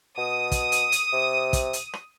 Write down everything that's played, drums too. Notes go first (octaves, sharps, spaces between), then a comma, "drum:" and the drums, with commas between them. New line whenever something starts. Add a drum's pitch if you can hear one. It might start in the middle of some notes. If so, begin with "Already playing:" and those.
B2 D#6
drum: kick, hi-hat
drum: hi-hat
drum: hi-hat
C3
drum: kick, hi-hat
drum: hi-hat
drum: rim click